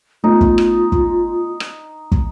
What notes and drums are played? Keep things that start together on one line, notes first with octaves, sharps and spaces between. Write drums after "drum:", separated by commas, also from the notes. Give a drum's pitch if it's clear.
A3 B3 D#4 F4
drum: kick
drum: rim click
drum: kick
drum: rim click
drum: kick